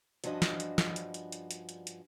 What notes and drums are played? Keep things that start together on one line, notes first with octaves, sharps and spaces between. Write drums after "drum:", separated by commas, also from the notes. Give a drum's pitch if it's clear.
G2 F3 C#4 D4 F#4 D#5, drum: hi-hat
drum: snare
drum: hi-hat
drum: snare
drum: hi-hat
drum: hi-hat
drum: hi-hat
drum: hi-hat
drum: hi-hat
drum: hi-hat